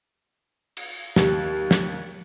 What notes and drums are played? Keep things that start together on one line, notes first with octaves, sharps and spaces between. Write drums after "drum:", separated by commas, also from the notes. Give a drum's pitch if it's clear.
drum: cymbal
D#2, drum: snare
drum: snare